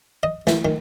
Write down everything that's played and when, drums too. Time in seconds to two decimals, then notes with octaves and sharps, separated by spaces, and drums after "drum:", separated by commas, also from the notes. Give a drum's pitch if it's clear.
0.23 D#5
0.47 E3, drum: snare
0.65 D#3